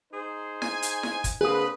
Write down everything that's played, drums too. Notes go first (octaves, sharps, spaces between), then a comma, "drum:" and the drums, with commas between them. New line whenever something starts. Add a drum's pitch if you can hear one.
D#4 G#4 C5
G#5, drum: snare E4
drum: hi-hat
drum: snare E4
drum: kick, hi-hat
D3 A#3 C4 G#4 B4 D#6